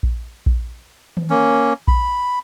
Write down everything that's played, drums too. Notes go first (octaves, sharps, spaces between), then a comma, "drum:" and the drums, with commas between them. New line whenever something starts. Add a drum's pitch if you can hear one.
drum: kick A#1
drum: kick A#1
drum: tom D#3
A#3 C#4
B5, drum: kick A#1